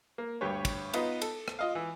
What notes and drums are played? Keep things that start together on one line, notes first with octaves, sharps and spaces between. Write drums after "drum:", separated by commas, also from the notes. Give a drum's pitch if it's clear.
A#3
D2 G2 G4 B4 C#5
drum: kick, cymbal
B3 D#4 F4 B4 D#5, drum: cymbal
A4, drum: cymbal
drum: rim click
F4 D#5 F5
E3